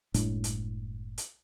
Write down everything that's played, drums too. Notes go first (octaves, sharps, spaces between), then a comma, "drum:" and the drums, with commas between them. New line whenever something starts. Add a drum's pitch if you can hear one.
F#1 A2 G#3 D4, drum: hi-hat
drum: hi-hat
drum: hi-hat